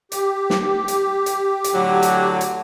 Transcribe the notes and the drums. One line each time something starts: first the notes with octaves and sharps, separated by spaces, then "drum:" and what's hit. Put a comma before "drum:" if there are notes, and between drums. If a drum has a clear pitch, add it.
G4, drum: hi-hat
drum: snare
drum: hi-hat
drum: hi-hat
drum: hi-hat
A2 D3 F#3
drum: hi-hat
drum: hi-hat